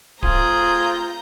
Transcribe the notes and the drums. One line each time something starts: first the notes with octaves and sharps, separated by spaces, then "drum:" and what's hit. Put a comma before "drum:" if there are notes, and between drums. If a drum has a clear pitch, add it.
A3 C4 F4 G#4 A#5 G6, drum: kick D1